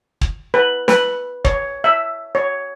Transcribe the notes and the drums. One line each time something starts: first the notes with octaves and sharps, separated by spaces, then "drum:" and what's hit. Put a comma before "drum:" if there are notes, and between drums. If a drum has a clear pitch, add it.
drum: kick
B4
B4, drum: snare
C#5, drum: kick
E5
C#5